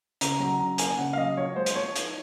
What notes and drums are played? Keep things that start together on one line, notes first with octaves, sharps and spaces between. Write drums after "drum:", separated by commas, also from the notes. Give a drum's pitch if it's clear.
C#3 A#5, drum: hi-hat
F#3 A#5
C#3 A#5
A#3 G#5, drum: hi-hat
C#3 F#5
F5
F#3 D#5
F3 C#5
G#3 C5
drum: hi-hat
F3 C#5
D#4, drum: hi-hat